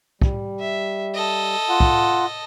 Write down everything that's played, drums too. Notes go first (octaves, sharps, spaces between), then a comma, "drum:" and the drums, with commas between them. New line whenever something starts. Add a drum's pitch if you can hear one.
G3, drum: kick
E5
A4 D#5
F4 F#5
drum: kick